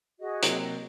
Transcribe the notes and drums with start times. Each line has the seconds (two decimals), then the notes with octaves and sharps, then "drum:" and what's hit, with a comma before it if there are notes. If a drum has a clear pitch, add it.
0.20 F#4 G#4 D#5
0.42 C3 F#3 A#3, drum: hi-hat
0.59 D#5